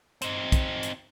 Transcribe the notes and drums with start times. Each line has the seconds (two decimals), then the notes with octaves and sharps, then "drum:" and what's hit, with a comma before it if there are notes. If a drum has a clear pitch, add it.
0.22 C4 D#4, drum: hi-hat
0.52 drum: kick, hi-hat
0.83 drum: hi-hat